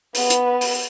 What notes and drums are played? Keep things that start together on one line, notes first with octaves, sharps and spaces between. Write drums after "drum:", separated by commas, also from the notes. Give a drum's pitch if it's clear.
B3 B4, drum: open hi-hat
drum: hi-hat
drum: open hi-hat